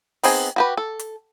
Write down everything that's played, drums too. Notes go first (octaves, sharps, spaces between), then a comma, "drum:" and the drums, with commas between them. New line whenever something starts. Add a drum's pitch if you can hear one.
B3 C4 D#4 G#4, drum: open hi-hat
F#4 G4 B4
A4
drum: hi-hat